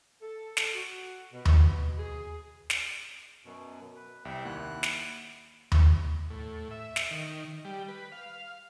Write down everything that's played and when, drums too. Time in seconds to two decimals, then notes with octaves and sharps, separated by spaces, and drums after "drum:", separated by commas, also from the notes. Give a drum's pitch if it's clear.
0.22 A4
0.57 drum: snare
0.74 F#4
1.33 B2
1.45 drum: tom D#2
1.98 G#4
2.70 drum: snare
3.45 F#2 B2
3.96 B4
4.25 C2 E5 G5
4.45 D#2 A#3 E4 F#5 F#6
4.83 drum: snare
5.72 drum: tom D#2
6.30 A2
6.71 E5
6.96 drum: snare
7.11 D#3
7.65 G3
7.88 B4
8.12 F5